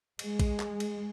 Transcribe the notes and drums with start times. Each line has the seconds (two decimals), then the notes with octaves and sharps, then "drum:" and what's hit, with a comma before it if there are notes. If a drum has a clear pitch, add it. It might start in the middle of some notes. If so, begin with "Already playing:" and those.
0.19 G#3, drum: cymbal
0.39 drum: kick A#1, cymbal
0.60 drum: clap
0.80 drum: cymbal